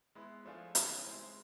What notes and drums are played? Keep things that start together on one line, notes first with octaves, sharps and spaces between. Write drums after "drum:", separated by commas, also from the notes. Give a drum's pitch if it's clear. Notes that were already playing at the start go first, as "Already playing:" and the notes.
G#3 B3 E4
F3 A3 D4 F4 G#4
C#3 E3 G3 B3 D#4, drum: hi-hat
G#3 C4 E4 G#4